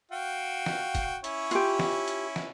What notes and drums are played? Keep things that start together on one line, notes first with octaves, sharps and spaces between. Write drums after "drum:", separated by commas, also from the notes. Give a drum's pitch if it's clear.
F#4 F5 G5
drum: snare
drum: kick, hi-hat
C#4 E4 C#5, drum: hi-hat
F4 G4, drum: hi-hat
drum: snare
drum: hi-hat
drum: snare